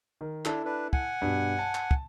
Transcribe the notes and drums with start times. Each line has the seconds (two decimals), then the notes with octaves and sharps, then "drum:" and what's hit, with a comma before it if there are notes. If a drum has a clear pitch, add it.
0.21 D#3
0.45 D4 E4 A4, drum: clap
0.65 D4 B4
0.93 F#5 G#5, drum: kick
1.22 G2 B2
1.59 A5
1.75 drum: clap
1.91 drum: kick